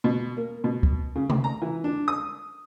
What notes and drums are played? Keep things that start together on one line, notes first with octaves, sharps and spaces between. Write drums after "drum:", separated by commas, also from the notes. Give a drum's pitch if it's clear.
B2
A#3
B2
drum: kick
C#3
drum: tom C3
A#5
E3
D4
D#6